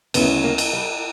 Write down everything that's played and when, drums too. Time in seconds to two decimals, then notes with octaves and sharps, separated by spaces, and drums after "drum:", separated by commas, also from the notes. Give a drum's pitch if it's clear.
0.14 D2 C#3 G3 B3 C#4 E4, drum: cymbal
0.44 A#3
0.58 drum: cymbal
0.73 G3